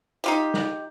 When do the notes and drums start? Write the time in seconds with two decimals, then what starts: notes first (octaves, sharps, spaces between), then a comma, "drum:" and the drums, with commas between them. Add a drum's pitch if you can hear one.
0.24 D#4 F4 G4
0.54 drum: snare